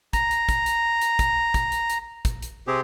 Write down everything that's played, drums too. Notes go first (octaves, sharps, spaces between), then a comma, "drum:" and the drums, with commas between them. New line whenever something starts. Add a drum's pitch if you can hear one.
A#5, drum: kick, hi-hat
drum: hi-hat
drum: kick, hi-hat
drum: hi-hat
drum: hi-hat
drum: kick, hi-hat
drum: kick, hi-hat
drum: hi-hat
drum: hi-hat
drum: kick, hi-hat
drum: hi-hat
C3 C4 G4 G#4